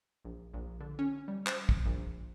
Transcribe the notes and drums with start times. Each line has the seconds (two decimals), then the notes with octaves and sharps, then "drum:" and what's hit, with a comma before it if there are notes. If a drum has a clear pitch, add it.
0.25 A#1
0.54 A#1
0.80 D3
0.99 C#4
1.28 G3
1.46 C5, drum: clap
1.69 drum: kick
1.85 A#1